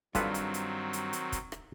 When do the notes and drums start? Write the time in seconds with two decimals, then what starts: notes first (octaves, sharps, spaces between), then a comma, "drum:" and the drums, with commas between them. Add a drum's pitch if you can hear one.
0.15 G2 D#3 F#3 C4 F4 A4 B4, drum: kick, hi-hat
0.34 drum: hi-hat
0.54 drum: hi-hat
0.93 drum: hi-hat
1.13 drum: hi-hat
1.32 drum: kick, hi-hat
1.52 drum: rim click